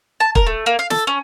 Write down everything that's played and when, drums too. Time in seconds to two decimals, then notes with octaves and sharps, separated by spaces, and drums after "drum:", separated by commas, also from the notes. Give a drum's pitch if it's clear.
0.20 A5
0.35 A#4, drum: kick
0.46 A3
0.66 A#3
0.79 F5
0.90 A4, drum: snare
1.07 C#4